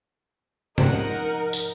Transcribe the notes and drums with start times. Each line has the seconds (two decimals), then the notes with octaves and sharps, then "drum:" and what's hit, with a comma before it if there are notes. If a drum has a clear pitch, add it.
0.78 G#2 C3 F3 D#4 A#4 D#5 F#5, drum: tom
1.53 drum: tambourine